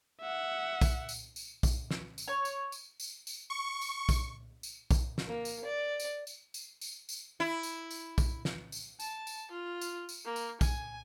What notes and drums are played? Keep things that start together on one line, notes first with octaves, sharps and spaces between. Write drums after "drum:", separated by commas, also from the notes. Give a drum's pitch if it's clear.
E5 F#5
drum: kick, tambourine
drum: tambourine
drum: tambourine
drum: kick, tambourine
drum: snare
drum: tambourine
C#5
drum: tambourine
drum: tambourine
drum: tambourine
drum: tambourine
C#6
drum: tambourine
drum: kick, tambourine
drum: tambourine
drum: kick, tambourine
drum: snare
A#3
drum: tambourine
D5
drum: tambourine
drum: tambourine
drum: tambourine
drum: tambourine
drum: tambourine
E4
drum: tambourine
drum: tambourine
drum: kick, tambourine
drum: snare
drum: tambourine
A5, drum: tambourine
drum: tambourine
F4
drum: tambourine
drum: tambourine
A#3
drum: tambourine
G#5, drum: kick, tambourine